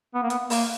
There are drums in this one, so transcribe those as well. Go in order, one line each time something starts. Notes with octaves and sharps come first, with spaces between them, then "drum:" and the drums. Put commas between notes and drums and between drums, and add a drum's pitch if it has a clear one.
B3
A#3
B3, drum: hi-hat
A#3, drum: open hi-hat